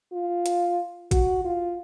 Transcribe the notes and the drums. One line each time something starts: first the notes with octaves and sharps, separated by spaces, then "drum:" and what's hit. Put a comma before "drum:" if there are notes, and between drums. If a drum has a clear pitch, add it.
F4
drum: hi-hat
F#4, drum: kick, hi-hat
F4